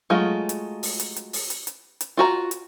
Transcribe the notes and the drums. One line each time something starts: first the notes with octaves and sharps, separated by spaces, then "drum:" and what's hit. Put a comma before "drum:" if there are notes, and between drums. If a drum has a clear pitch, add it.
F#3 G#3 A3 F4
drum: hi-hat
drum: open hi-hat
drum: hi-hat
drum: hi-hat
drum: open hi-hat
drum: hi-hat
drum: hi-hat
drum: hi-hat
F4 F#4 A#5
drum: hi-hat